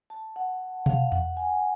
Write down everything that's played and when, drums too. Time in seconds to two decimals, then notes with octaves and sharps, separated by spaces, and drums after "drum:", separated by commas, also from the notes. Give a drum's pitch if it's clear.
0.10 A5
0.36 F#5
0.86 F5, drum: tom B2
1.12 F#5, drum: tom E2
1.37 G#5